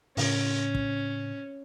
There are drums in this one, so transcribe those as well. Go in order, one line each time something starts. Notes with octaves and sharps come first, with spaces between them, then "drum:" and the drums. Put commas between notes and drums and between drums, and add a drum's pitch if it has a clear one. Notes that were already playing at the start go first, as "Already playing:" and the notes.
A2 C#3 C#4, drum: open hi-hat
drum: kick